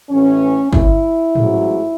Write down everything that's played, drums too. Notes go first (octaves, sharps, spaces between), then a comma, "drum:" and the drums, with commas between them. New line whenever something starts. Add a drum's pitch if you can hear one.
A1 A2 E3 C#4
E4, drum: kick
A1 G#2 F#3, drum: tom G#2